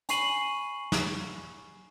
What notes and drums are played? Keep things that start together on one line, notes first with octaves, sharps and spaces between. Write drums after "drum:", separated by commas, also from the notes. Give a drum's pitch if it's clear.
G#5 B5 C#6 C7 D#7 F#7, drum: hi-hat
drum: snare